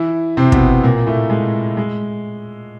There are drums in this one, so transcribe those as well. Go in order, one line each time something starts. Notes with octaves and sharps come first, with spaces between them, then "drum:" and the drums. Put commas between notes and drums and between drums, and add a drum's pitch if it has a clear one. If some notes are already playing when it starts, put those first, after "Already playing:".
Already playing: E3 E4
C3 C4
B2 B3, drum: kick
A#2 A#3
A2 A3
G#3
G#3